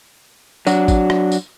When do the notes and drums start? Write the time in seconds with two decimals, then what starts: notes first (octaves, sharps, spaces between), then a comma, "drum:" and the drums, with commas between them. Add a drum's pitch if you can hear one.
0.67 F#3 D4 F#4, drum: tambourine
0.88 drum: kick, tambourine
1.10 drum: rim click
1.32 drum: tambourine